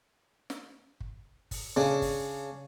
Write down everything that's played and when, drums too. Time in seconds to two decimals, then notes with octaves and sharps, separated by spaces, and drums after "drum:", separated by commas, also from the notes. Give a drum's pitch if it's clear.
0.50 drum: snare
1.00 drum: kick
1.51 drum: kick, open hi-hat
1.76 C#3 D4
2.02 drum: kick, open hi-hat